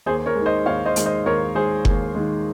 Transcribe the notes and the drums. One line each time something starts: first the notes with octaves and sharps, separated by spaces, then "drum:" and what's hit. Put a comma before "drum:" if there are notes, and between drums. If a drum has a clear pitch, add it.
D#2 G#4 C5
A#4 C#5
D#3 G#3
C5 D#5
D#2 C#5 F5
C5 D#5
D#3 G#3, drum: hi-hat
C5 D#5
D#2 A#4 C#5
D#3 G#3 G#4 C5
D#2, drum: kick F#1
D#3 G#3